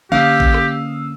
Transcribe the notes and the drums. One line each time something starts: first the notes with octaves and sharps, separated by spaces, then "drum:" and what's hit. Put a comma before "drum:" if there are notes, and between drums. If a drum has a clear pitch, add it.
D3 A#3 C#4 G4 F5 D#6 E6
drum: kick A1
drum: rim click